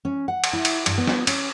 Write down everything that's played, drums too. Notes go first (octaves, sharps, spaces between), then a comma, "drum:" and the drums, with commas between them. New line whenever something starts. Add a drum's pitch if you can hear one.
C#4
F#5
drum: cymbal
E4
drum: cymbal
G2, drum: cymbal
B3
drum: snare
C#4, drum: cymbal